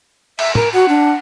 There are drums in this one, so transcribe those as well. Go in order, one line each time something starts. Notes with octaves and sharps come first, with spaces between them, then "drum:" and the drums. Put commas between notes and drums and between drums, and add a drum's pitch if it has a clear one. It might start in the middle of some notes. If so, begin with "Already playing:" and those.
E5, drum: cymbal
A#4, drum: tom
F#4 F#5
D4